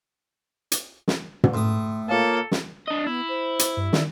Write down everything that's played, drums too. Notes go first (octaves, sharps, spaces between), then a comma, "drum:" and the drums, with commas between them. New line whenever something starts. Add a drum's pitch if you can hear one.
drum: hi-hat
drum: snare
drum: tom
A2 C6 D#6
A#3 F4 A4 C#5 F5
drum: snare
D4 D#5
B3 E4
C5
drum: hi-hat
G2
D#3 D5, drum: snare